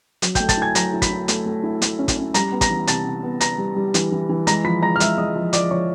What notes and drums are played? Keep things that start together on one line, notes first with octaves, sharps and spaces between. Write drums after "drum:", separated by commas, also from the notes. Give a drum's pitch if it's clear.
F#3, drum: hi-hat
G5 G6, drum: kick, hi-hat
A3
A5 A6, drum: kick, hi-hat
E4 G#5 G#6
F#3 A#5 A#6, drum: hi-hat
E4
B5 B6, drum: kick, hi-hat
E4
A3, drum: hi-hat
A3
E4
A3, drum: hi-hat
C#4
drum: kick, hi-hat
C#4
G3 A#5 A#6, drum: hi-hat
B3
A#5 A#6, drum: kick, hi-hat
E3
C3 A5 A6, drum: hi-hat
C3
B3
B3 A#5 A#6, drum: hi-hat
G3
G3
E3, drum: hi-hat
E3
E3
G#3 A#5 A#6, drum: hi-hat
F3 B5 B6
G#3 A#5 A#6
F6
G#3 E5 E6, drum: hi-hat
G#3 D#5 D#6
F3
F3 D5 D6, drum: hi-hat
F3 C#5 C#6